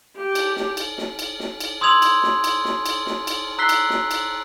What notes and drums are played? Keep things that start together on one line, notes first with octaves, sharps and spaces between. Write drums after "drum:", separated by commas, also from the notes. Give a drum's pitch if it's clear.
G4
drum: cymbal
drum: snare
drum: cymbal
drum: snare
drum: cymbal
drum: snare
drum: cymbal
C6 D#6 E6 G#6 F7 F#7
drum: cymbal
drum: snare
drum: cymbal
drum: snare
drum: cymbal
drum: snare
drum: cymbal
A#5 E6 F#6 B6 C7 G7
drum: cymbal
drum: snare
drum: cymbal